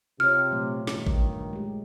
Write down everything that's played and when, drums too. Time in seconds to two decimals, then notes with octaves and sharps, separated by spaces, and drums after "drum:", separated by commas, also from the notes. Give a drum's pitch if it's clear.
0.20 C3 F4 C#5 F6
0.51 A#2 F#3 A3
0.87 G2 D#3, drum: snare
1.07 drum: kick A1
1.53 G#3 G4